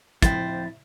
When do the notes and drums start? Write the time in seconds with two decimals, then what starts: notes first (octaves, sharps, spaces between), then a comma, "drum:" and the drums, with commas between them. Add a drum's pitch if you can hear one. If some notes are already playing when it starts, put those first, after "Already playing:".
0.22 D2 F3 C4 E4 C5 G5 A6, drum: kick, hi-hat